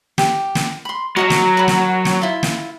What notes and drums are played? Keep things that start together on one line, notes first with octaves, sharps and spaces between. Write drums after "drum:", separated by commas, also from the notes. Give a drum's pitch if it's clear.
G4, drum: snare
drum: snare
B5 C6
F#3 A#4 D#5 A5
drum: snare
A#4 B5
drum: snare
drum: snare
E4 F4
drum: snare